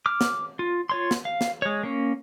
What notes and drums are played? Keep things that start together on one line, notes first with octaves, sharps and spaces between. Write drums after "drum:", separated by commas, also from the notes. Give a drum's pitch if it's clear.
D6 F6
drum: snare
F4
F4 C#5 C6
drum: snare
F5
drum: snare
G#3 C#5
A#3 C#4